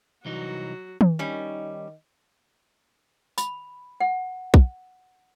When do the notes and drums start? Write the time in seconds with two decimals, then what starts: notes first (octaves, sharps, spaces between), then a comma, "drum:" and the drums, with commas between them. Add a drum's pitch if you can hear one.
0.25 C2 E3 F#3 D#4 F#4
1.01 drum: tom
1.19 D#3 G3 C#4 D#5
3.38 B5, drum: tambourine
4.00 F#5
4.54 drum: kick